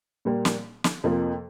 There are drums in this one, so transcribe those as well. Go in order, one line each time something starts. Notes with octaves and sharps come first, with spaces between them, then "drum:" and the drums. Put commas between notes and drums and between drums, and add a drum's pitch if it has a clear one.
A#2 G3 A#3
drum: snare
drum: snare
F2 C3 F3 A#3